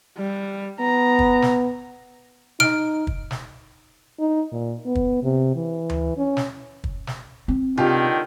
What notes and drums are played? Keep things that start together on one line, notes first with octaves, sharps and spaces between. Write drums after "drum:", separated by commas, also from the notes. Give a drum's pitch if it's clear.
G3
B3 A#5
drum: kick
drum: snare
D#4 F6 D7, drum: snare
drum: kick
drum: snare
D#4
A#2
B3
drum: kick
C3
E3
drum: tom D2
C#4
drum: snare
drum: kick
drum: snare
C4
C#2 D3 D#3 F4 G4, drum: tom C3